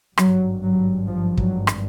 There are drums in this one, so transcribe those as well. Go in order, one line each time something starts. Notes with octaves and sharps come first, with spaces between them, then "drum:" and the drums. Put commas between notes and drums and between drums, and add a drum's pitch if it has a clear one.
G#1 G2 F#3, drum: rim click
F#3
F3
F#3, drum: kick
drum: rim click